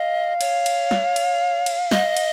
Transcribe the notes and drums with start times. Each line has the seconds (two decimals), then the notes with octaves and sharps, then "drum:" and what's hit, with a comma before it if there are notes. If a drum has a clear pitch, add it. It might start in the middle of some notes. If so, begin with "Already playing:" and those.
Already playing: D#5 F5
0.41 C#5, drum: cymbal
0.66 drum: cymbal
0.91 drum: snare
1.16 drum: cymbal
1.66 drum: cymbal
1.91 D#5, drum: snare
2.17 drum: cymbal